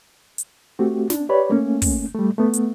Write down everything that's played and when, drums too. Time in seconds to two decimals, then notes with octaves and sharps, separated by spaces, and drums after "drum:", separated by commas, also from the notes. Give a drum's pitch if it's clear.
0.38 drum: hi-hat
0.79 A3 C4 F#4 G4
1.10 D4, drum: snare
1.29 G4 B4 C#5 D5 B5
1.50 A3 A#3 C#4
1.82 drum: kick, open hi-hat
2.14 G3 A3
2.38 A3 B3
2.53 drum: hi-hat